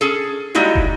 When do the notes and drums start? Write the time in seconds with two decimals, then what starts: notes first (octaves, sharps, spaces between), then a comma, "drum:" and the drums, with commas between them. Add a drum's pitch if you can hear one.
0.01 C#4 G#4 A4
0.55 G3 G#3 A#3 D#4 E4 F#4
0.75 drum: kick